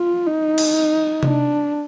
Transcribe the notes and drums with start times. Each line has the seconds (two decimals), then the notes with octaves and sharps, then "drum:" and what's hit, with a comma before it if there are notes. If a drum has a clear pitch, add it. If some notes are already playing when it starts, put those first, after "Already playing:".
Already playing: F4
0.26 D#4
0.58 drum: cymbal
1.23 D4, drum: tom C3